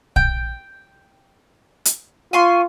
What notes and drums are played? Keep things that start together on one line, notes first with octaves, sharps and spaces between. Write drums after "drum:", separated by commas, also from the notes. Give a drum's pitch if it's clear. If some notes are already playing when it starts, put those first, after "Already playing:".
G5, drum: kick A#1
drum: hi-hat
F4 G#5 C6 C#6